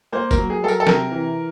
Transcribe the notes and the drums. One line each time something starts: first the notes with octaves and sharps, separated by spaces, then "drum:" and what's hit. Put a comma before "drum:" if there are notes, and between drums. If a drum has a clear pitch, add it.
A#3 C5
A#4, drum: kick F1, tambourine
F#3
G#4
F#3 A4
A#4, drum: tambourine
A4
C3 A#4, drum: snare
E3